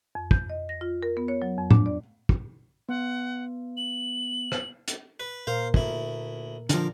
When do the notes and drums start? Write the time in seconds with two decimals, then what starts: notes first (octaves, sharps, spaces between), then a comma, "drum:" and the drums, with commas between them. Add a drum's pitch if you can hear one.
0.15 F2
0.31 G6, drum: kick
0.50 D#5
0.69 A#6
0.81 F4
1.03 A#4
1.17 B3
1.28 C#5
1.42 F#3
1.58 F2
1.71 D4, drum: tom
1.86 D5
2.29 drum: kick
2.89 B3 F#5
3.77 F#7
4.52 drum: rim click
4.88 drum: hi-hat
5.20 B4
5.47 A#2 A#4 C5 F5
5.74 D2 E4, drum: kick
6.69 D3 F3 A#4 D5, drum: hi-hat